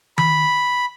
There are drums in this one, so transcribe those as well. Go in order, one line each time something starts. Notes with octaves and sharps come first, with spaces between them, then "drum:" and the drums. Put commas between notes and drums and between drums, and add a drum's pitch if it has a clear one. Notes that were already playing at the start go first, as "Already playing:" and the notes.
B5, drum: tom D#3